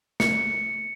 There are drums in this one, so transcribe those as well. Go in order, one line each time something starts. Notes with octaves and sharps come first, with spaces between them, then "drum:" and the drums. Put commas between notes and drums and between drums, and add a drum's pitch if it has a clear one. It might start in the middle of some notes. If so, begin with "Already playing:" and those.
C#7, drum: snare